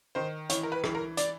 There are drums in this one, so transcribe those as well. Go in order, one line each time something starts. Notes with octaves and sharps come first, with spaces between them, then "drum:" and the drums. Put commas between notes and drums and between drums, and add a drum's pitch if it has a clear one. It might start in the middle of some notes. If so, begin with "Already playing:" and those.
D#3 C5
E3 C#5, drum: hi-hat
A#4
B4
E3, drum: rim click
A#4
D5, drum: hi-hat